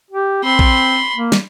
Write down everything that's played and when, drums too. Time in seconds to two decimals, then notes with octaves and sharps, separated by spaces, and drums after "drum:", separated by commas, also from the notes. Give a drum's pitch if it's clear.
0.11 G4
0.44 C4 B5 C6
0.59 drum: kick A#1
1.16 A#3
1.32 drum: snare